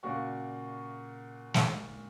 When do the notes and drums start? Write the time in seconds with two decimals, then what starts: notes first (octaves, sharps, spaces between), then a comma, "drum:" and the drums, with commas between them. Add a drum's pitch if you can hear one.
0.03 A#2 C#3 A#3 F#4 D5 C#6
1.54 drum: snare